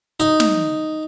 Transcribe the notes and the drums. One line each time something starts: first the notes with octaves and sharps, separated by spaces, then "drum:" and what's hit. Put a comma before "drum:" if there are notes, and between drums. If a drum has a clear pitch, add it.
D#4, drum: hi-hat
drum: snare